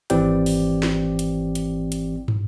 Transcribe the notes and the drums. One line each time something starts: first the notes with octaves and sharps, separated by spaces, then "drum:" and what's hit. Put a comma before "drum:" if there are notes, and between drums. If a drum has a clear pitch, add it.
G#1 E3 C4 G4 D5 G5, drum: hi-hat
drum: open hi-hat
drum: snare
drum: hi-hat
drum: hi-hat
drum: hi-hat
drum: tom